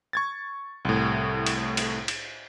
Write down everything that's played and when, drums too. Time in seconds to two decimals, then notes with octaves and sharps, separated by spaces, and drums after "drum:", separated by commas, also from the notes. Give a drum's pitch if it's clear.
0.13 C#6 G#6 A6
0.85 C2 A2
1.46 drum: cymbal
1.77 drum: cymbal
2.08 drum: cymbal